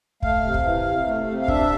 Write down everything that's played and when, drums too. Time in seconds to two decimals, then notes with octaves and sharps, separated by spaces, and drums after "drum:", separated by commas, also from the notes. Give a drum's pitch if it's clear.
0.23 A3 F5, drum: kick
0.44 C3
0.54 drum: kick
0.64 E3
0.85 C3
1.07 A3
1.27 C3
1.42 F5
1.48 D4 E5, drum: kick